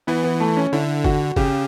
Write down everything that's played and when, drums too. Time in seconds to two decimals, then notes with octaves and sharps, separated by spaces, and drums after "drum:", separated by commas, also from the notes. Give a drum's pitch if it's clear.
0.07 E3 B3
0.23 B3
0.40 A3
0.57 C#4
0.72 D3 E4
1.04 F#4, drum: kick G1
1.36 C#3 G4, drum: kick G1